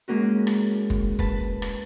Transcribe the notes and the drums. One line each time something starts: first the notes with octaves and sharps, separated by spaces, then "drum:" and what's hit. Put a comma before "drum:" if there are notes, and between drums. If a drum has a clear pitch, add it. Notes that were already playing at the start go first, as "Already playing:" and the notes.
G#3 A#3 C#4 F#4
drum: rim click
drum: kick
B4 A5, drum: kick
drum: rim click